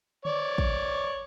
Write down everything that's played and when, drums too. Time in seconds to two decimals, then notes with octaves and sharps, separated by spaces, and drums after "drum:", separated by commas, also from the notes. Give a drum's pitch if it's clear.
0.25 C#5 D5, drum: tom D3
0.58 drum: kick